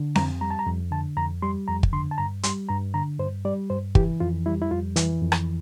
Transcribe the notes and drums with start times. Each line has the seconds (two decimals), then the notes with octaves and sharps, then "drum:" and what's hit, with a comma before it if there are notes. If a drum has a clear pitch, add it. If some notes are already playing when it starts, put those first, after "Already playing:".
Already playing: D3
0.15 F2 A#5, drum: snare C4
0.41 G3 A#5
0.51 A5
0.59 A#5
0.67 F2
0.91 D3 A5
1.17 F2 A#5
1.42 G3 C6
1.68 F2 A#5
1.83 drum: kick
1.93 D3 C6
2.11 A5
2.18 G2 A#5
2.43 G3 C6, drum: hi-hat
2.69 G2 A#5
2.94 D3 A#5
3.19 G2 C5
3.45 G3 D5
3.70 G2 C5
3.95 E3 G4, drum: kick
4.20 F2 F4
4.46 G3 E4
4.62 E4
4.71 F2 F4
4.96 E3, drum: hi-hat
5.22 F2
5.32 drum: rim click